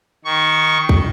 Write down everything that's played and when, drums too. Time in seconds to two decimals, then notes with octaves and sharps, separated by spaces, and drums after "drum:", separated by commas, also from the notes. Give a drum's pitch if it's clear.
0.25 D#3 C#6
0.89 drum: kick